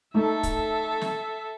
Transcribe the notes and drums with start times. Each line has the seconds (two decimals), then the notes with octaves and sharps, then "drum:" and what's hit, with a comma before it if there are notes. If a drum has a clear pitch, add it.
0.14 A3 D#4 A4 E5
0.43 drum: kick, hi-hat
1.01 drum: snare